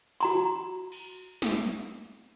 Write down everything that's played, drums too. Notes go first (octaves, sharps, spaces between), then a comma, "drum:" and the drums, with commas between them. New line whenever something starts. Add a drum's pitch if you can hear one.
F#4 A#5 C6, drum: open hi-hat
drum: cymbal
drum: snare